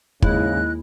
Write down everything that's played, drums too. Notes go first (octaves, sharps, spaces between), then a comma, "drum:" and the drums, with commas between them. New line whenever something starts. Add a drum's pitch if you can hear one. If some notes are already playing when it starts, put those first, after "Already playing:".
D#2 G#2 C#3 G#3 E4 D#5 F#6, drum: kick